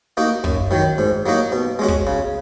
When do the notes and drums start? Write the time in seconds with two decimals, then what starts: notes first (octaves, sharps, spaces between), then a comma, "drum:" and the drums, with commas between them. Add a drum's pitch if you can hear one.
0.17 A#3 D#4 F#4
0.44 F#2, drum: kick
0.71 D#3 F#3
0.98 G#2
1.26 F#3 A#3 D#4 F#4
1.52 B2
1.79 G#3 C#4 F#4
1.88 drum: kick
2.07 C#3